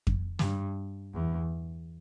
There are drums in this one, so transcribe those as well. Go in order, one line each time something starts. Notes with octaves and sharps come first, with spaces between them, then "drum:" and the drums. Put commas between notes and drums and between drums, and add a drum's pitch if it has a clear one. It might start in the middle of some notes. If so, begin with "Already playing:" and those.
drum: kick F2
G2, drum: snare
E2